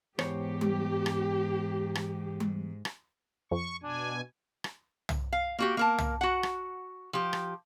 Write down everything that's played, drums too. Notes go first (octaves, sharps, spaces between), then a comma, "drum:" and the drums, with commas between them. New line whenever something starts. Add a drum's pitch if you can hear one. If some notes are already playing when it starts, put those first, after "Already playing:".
E2 G#2 G4 C5 C#5, drum: rim click
drum: tom G3
drum: rim click
drum: rim click
drum: tom G3
drum: rim click
F2 C#6
B2 D4 G#5
drum: rim click
drum: tom
F5
A#3 F#4 G4
A#3 A#4 A5
drum: tom
F#4 F#5
drum: rim click
F3 G4
drum: rim click